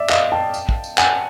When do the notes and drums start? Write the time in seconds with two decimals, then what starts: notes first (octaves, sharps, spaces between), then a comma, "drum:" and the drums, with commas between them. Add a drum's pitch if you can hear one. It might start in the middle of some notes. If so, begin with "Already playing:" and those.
Already playing: D5 E5
0.10 D#5 F5, drum: clap
0.32 G5 A5
0.54 drum: tambourine
0.69 drum: kick
0.84 drum: tambourine
0.98 F#5 G#5, drum: clap